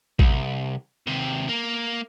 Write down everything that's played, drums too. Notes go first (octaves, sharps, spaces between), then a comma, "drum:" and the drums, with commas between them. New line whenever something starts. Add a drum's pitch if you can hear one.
C2, drum: kick A1
D#2 C3
A#3